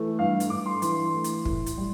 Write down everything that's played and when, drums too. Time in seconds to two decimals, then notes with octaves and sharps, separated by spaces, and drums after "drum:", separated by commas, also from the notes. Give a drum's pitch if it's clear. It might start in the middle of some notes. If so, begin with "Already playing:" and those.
Already playing: E3 A3
0.19 G2 F5
0.40 drum: hi-hat
0.50 G2 D6
0.66 C6
0.82 E3 C6, drum: hi-hat
1.14 A3
1.24 drum: hi-hat
1.45 A2, drum: kick
1.66 drum: hi-hat
1.77 G3